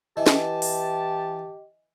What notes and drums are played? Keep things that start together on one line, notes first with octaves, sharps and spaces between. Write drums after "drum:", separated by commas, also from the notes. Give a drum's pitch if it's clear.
E3 G4 D#5 A5
drum: snare
drum: open hi-hat